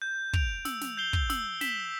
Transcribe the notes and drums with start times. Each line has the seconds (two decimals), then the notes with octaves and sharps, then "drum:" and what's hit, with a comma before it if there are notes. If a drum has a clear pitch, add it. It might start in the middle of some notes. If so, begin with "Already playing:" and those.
0.02 G6
0.33 D7 F7, drum: kick
0.65 E6, drum: snare
0.81 drum: snare
0.97 G6 C7 G7
1.13 drum: kick
1.30 E6, drum: snare
1.61 B6 E7 G7, drum: snare